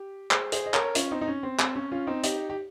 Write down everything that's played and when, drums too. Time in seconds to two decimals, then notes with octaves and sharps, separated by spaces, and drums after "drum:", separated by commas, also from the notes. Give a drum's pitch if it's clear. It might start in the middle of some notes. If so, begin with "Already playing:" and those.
Already playing: G4
0.31 G#4 C5, drum: clap
0.52 G#4 C5, drum: hi-hat
0.66 D#5
0.74 A#4 C#5, drum: clap
0.95 C#4 F4, drum: hi-hat
1.11 C4 D#4
1.21 D#4
1.28 C#4
1.43 C4
1.59 C4, drum: clap
1.75 C#4
1.92 C#4 F4
2.07 C4 D#4
2.23 D#4 G4, drum: hi-hat
2.50 G4